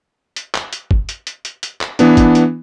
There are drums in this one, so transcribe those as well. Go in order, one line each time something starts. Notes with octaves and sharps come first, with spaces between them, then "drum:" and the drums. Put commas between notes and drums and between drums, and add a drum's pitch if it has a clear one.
drum: hi-hat
drum: clap
drum: hi-hat
drum: kick
drum: hi-hat
drum: hi-hat
drum: hi-hat
drum: hi-hat
drum: clap
E3 B3 D4, drum: hi-hat
drum: kick, hi-hat
drum: hi-hat